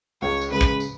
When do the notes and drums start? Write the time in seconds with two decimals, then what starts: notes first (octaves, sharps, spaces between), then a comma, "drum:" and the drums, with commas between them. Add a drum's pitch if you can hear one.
0.22 C#2 C#5
0.41 drum: tambourine
0.50 C#3 G#3 B4
0.61 drum: kick
0.80 drum: tambourine